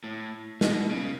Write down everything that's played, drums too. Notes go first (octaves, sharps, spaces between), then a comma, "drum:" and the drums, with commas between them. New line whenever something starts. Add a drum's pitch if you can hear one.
A2
B2, drum: snare
C#3